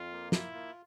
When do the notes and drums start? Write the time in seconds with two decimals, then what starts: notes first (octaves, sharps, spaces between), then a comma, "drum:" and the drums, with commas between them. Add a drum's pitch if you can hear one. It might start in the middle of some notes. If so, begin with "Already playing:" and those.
Already playing: F2 F4
0.12 A#3
0.32 E4 F4, drum: snare
0.54 A#3